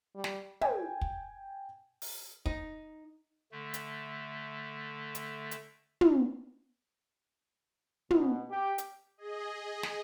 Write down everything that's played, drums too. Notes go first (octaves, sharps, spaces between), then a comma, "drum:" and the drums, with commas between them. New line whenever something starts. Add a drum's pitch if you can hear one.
G3
drum: snare
G5 G#5, drum: tom
drum: kick
drum: open hi-hat
D#4, drum: kick
D3 A3
drum: hi-hat
drum: hi-hat
drum: hi-hat
drum: tom
B2, drum: tom
G4
drum: hi-hat
G#4 D#5
drum: snare